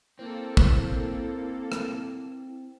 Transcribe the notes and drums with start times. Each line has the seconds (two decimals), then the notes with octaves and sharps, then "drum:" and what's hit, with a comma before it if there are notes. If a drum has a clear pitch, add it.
0.19 A#3 C4 E4 A4
0.57 drum: kick
1.72 drum: rim click